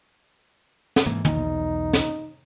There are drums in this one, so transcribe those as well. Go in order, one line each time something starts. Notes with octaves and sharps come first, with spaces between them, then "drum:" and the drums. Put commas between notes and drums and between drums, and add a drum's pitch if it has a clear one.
drum: snare
G#2 E3 A#3
B1 E2 D#4, drum: tom
drum: snare